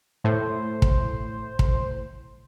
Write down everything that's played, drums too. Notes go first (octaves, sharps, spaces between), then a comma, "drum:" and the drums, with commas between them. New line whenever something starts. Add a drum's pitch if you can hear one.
A2 C5
drum: kick
drum: kick